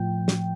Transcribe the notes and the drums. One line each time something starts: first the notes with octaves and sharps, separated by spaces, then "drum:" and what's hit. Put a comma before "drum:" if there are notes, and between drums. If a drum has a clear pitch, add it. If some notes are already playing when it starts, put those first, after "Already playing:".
Already playing: A2 F3 G5
drum: snare